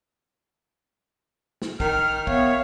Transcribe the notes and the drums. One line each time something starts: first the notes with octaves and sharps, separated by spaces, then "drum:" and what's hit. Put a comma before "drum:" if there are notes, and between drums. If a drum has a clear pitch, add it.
drum: snare
D#3 F6, drum: kick
B3 C#5 E5 F5, drum: kick